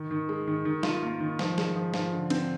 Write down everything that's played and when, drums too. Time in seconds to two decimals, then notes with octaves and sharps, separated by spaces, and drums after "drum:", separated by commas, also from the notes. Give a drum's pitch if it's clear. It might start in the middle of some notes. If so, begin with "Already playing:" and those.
Already playing: D#3
0.11 D#3
0.29 G#3
0.47 D#3
0.65 D#3
0.83 F4, drum: snare
1.03 A#3
1.20 D#3
1.39 F3, drum: snare
1.58 G#3, drum: snare
1.75 F3
1.94 F3, drum: snare
2.13 D3
2.30 C4, drum: cymbal